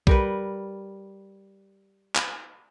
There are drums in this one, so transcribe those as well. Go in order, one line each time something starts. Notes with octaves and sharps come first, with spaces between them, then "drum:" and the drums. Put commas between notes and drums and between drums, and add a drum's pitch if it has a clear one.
G3 A#4 B4, drum: kick B1
drum: clap